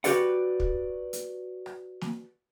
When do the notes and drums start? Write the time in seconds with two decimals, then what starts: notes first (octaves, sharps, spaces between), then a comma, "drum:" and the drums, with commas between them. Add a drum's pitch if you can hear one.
0.04 F#4 G4 B4 D5 F#5, drum: open hi-hat
0.60 drum: kick
1.13 drum: hi-hat
1.66 drum: rim click
2.01 drum: snare